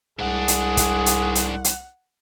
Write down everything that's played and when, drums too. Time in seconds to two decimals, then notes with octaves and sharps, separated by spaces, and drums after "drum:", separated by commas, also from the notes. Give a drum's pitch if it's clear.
0.19 C2 G#2 D4 G#4 F#5
0.48 drum: hi-hat
0.77 drum: kick, hi-hat
1.06 drum: hi-hat
1.35 drum: hi-hat
1.64 drum: hi-hat